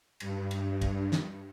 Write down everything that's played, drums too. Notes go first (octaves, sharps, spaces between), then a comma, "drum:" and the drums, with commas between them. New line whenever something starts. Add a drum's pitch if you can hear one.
G2, drum: cymbal
drum: cymbal
drum: kick, cymbal
drum: snare